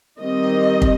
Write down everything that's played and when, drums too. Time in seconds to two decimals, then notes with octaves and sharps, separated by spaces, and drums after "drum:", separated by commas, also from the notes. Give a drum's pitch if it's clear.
0.21 D#3 G3 C4 D#5
0.82 drum: kick